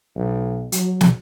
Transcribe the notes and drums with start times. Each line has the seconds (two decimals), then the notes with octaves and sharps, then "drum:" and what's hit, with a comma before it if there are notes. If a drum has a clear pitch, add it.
0.15 B1
0.72 F#3, drum: hi-hat
1.01 drum: snare